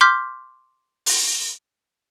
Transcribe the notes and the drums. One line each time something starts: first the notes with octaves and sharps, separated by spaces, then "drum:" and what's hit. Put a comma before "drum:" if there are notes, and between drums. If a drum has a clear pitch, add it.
C6 D6 F6 G6 B6
drum: open hi-hat